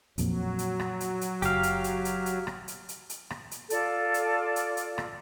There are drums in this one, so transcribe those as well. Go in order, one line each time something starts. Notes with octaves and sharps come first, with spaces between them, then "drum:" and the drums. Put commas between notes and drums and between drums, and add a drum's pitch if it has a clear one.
A#1 F2 A#2 F#3, drum: hi-hat
drum: hi-hat
drum: rim click
drum: hi-hat
drum: hi-hat
F#1 G4 F5, drum: hi-hat
drum: hi-hat
drum: hi-hat
drum: hi-hat
drum: hi-hat
drum: rim click
drum: hi-hat
drum: hi-hat
drum: hi-hat
drum: rim click
drum: hi-hat
F4 A4 D5, drum: hi-hat
drum: hi-hat
drum: hi-hat
drum: hi-hat
drum: rim click